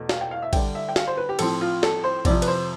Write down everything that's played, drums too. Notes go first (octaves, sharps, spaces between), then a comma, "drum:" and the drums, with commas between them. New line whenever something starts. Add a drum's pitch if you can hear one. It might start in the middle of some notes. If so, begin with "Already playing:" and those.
Already playing: E2 B2 A3
F5, drum: snare
G5
F5
E5
D3 G3 D4 G5, drum: kick, cymbal
E5
G5
F5, drum: snare
C5
B4
G4
A2 F3 C4 A4, drum: cymbal
F4
A4, drum: snare
C5
F2 C3 F3 D5, drum: kick, cymbal
B4, drum: cymbal
C5